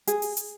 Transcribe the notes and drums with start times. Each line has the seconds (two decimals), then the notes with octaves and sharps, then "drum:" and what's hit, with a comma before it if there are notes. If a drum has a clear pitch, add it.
0.07 G#4, drum: hi-hat
0.22 drum: open hi-hat
0.37 drum: hi-hat